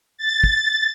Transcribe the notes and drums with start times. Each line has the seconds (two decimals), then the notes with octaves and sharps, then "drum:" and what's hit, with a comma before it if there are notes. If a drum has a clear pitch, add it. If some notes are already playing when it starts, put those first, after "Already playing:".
0.18 A6
0.44 drum: kick